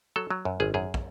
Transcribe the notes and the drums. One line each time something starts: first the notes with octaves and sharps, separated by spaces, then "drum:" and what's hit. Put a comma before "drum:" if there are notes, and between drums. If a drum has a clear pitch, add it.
F#3 A4
F#3
F#2
G#1 G#4
F#2 G#4
drum: kick